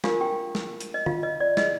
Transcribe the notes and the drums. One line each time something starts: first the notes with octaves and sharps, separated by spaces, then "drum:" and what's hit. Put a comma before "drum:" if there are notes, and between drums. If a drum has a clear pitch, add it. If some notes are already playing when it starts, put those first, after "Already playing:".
D4 F4 G4 A#4 F5, drum: snare
G4 G5
drum: snare
drum: hi-hat
D#5
F4 F5, drum: tom
D#5
D5
D#5, drum: snare